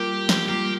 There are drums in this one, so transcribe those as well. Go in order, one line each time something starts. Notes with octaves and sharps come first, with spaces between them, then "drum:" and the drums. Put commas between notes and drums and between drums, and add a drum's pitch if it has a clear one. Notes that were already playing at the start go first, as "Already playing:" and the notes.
Already playing: G3 A#3 F4 G4 A#4
drum: snare
G3 A#3 F4 G4 A#4